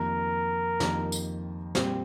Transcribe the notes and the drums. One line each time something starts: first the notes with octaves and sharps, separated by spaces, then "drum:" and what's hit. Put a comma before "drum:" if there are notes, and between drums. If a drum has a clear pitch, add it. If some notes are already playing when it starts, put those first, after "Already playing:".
Already playing: F2 D#3 A#3 G4 A#4
F2 D#3 A#3 G4, drum: snare
drum: tambourine
A#2 G3 C4 G4, drum: snare